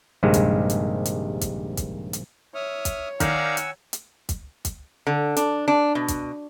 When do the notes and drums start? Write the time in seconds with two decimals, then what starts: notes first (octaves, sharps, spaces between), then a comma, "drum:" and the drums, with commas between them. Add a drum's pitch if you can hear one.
0.23 A#1 G2 C3 D#3 G#3
0.34 drum: kick, hi-hat
0.70 drum: hi-hat
1.05 drum: hi-hat
1.41 drum: kick, hi-hat
1.77 drum: kick, hi-hat
2.13 drum: hi-hat
2.55 C#5 E5 D#6 F6
2.85 drum: kick, hi-hat
3.20 D#3 D5 F5 F#5 G#5 A#5 E6, drum: kick, hi-hat
3.57 drum: hi-hat
3.93 drum: hi-hat
4.29 drum: kick, hi-hat
4.65 drum: kick, hi-hat
5.07 D3
5.37 D4, drum: hi-hat
5.68 D4
5.95 B2
6.08 drum: kick, hi-hat